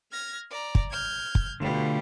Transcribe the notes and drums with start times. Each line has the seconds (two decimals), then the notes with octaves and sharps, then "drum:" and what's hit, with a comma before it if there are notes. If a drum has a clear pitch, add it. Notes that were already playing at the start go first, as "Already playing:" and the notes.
0.11 F6 G#6 A#6
0.49 D5 A#5
0.75 drum: kick
0.90 F6 G6 G#6
1.35 drum: kick
1.60 B2 D3 G3 A3 F4